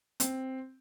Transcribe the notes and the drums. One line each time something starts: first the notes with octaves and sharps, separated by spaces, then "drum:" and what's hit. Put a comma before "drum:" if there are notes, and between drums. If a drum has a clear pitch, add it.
C4, drum: hi-hat